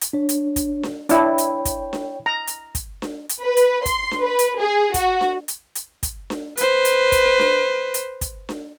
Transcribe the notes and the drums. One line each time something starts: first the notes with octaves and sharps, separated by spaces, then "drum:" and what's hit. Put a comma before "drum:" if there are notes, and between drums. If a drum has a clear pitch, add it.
drum: hi-hat
D4 C#5
drum: hi-hat
drum: kick, hi-hat
drum: snare D4
D4 E4 C#5 G5, drum: hi-hat
drum: hi-hat
drum: kick, hi-hat
drum: snare D4
A#5
drum: hi-hat
drum: kick, hi-hat
drum: snare D4
drum: hi-hat
B4
drum: hi-hat
C6, drum: kick, hi-hat
drum: snare D4
B4
drum: hi-hat
G#4
F#4, drum: kick, hi-hat
drum: snare D4
drum: hi-hat
drum: hi-hat
drum: kick, hi-hat
drum: snare D4
B4 C5, drum: hi-hat
drum: hi-hat
drum: kick, hi-hat
drum: snare D4
drum: hi-hat
drum: kick, hi-hat
drum: snare D4